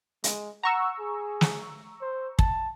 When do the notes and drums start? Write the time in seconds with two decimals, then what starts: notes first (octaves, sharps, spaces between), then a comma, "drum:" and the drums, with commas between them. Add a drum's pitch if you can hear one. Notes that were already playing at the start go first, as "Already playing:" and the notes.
0.24 G#3, drum: hi-hat
0.63 F#5 A#5 C#6 E6
1.00 G#4
1.41 drum: snare
2.01 C5
2.39 A5, drum: kick